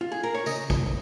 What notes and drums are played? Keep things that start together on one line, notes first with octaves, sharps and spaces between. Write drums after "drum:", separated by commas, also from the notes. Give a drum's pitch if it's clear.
F4
G#4
A#4
C#5
C#3 D#5, drum: tambourine
C#2, drum: kick G#1, tambourine